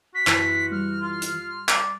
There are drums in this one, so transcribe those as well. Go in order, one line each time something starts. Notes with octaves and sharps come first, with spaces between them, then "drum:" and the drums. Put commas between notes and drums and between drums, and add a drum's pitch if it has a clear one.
F#4 B6
F#2 E3 C6, drum: clap
G3 F6
F4
drum: hi-hat
D5, drum: clap